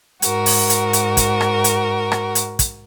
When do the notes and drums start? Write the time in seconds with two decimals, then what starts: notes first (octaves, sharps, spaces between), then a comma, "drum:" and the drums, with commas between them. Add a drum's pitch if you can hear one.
0.22 G#2 F#4 A#4, drum: hi-hat
0.46 drum: open hi-hat
0.70 drum: hi-hat
0.93 drum: hi-hat
1.17 drum: kick, hi-hat
1.41 drum: rim click
1.64 drum: hi-hat
2.12 drum: rim click
2.35 drum: hi-hat
2.59 drum: kick, hi-hat